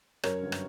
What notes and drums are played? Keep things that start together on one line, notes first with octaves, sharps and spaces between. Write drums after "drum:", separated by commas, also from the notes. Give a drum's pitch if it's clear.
F#2 A#4 C#5, drum: rim click
G1
drum: rim click